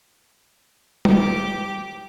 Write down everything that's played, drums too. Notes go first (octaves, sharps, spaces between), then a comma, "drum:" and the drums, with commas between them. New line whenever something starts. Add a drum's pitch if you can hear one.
G4 D6, drum: tom